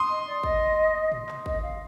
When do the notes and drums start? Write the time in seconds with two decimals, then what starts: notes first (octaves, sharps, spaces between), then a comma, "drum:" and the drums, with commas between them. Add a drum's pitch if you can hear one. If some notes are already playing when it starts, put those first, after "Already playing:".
Already playing: C6 D#6
0.10 D#5
0.26 D5
0.43 D#5, drum: kick
1.12 drum: tom
1.29 drum: clap
1.46 D#5, drum: kick
1.63 F5